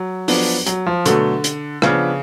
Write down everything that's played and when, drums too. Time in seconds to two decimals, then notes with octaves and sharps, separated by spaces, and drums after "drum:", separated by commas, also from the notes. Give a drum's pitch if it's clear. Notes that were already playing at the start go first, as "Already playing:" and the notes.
Already playing: F#3
0.28 F3 B3 D4, drum: open hi-hat
0.66 F#3, drum: hi-hat
0.86 F3
1.06 B2 D3 F#3 A3, drum: hi-hat
1.44 drum: hi-hat
1.82 C#3 F3 B3 D4, drum: rim click